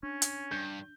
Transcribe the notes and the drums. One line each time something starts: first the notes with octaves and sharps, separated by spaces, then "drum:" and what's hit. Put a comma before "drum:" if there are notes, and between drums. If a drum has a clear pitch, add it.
C#4 D4
drum: hi-hat
G2 G6